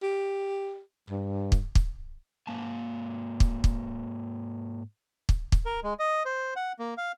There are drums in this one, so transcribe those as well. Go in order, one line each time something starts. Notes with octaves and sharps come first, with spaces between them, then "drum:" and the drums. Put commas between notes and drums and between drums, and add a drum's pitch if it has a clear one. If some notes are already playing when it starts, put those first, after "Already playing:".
G4
G2
drum: kick
drum: kick
G#2 A#3 G#5 A5
drum: kick
drum: kick
drum: kick
drum: kick
A#4
G#3
D#5
C5
F#5
A#3
F5